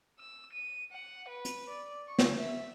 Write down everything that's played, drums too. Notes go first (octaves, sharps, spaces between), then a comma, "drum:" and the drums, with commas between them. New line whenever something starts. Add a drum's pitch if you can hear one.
E6
D#7
F#5
B4
drum: hi-hat
D5
C#6
drum: snare
E5